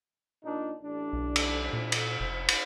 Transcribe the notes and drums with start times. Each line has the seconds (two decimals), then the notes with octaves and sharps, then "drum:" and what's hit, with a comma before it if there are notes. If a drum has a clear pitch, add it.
0.44 A#2 D4 D#4
0.82 A1 D4
1.13 B1
1.36 drum: cymbal
1.73 A#2
1.92 drum: cymbal
2.20 F1
2.48 drum: cymbal